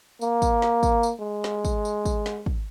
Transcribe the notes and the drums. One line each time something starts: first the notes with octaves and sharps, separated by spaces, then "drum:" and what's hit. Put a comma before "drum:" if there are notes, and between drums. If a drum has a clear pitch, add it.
A#3, drum: tambourine
drum: kick, tambourine
drum: snare
drum: kick, tambourine
drum: tambourine
G#3
drum: snare
drum: kick, tambourine
drum: tambourine
drum: kick, tambourine
drum: snare
drum: kick